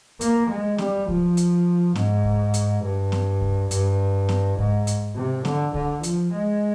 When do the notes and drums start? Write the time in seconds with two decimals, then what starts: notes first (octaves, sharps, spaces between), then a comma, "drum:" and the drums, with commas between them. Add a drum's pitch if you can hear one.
0.21 A#3, drum: hi-hat
0.49 G#3
0.78 G3, drum: snare
1.08 F3, drum: kick C2
1.37 drum: hi-hat
1.96 G#2, drum: snare
2.24 drum: kick C2
2.54 drum: hi-hat
2.83 G2
3.12 drum: snare
3.41 drum: kick C2
3.71 G2, drum: hi-hat
4.29 drum: snare
4.58 G#2, drum: kick C2
4.87 drum: hi-hat
5.16 C3
5.45 D3, drum: snare
5.74 D3, drum: kick C2
6.03 F3, drum: hi-hat
6.32 G#3